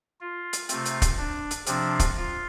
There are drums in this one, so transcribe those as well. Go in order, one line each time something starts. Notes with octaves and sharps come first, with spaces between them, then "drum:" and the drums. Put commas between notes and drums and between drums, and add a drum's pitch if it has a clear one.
F4
drum: hi-hat
C3 A3 C4 F4, drum: hi-hat
drum: hi-hat
drum: kick, hi-hat
D4
drum: hi-hat
C3 F3 C4 D4, drum: hi-hat
drum: kick, hi-hat
F4